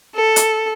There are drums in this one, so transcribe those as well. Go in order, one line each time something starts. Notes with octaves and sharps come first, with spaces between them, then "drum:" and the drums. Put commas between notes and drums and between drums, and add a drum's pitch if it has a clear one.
A4
drum: hi-hat